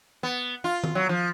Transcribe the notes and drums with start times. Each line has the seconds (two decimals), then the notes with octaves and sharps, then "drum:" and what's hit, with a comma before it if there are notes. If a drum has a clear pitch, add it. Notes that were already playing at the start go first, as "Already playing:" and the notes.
0.23 B3
0.64 F4
0.84 drum: tom D#3
0.95 F#3
1.09 F3